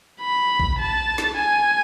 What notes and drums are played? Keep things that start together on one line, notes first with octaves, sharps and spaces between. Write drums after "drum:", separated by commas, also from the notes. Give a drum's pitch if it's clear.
B5
drum: kick A#1
A5
drum: snare
G#5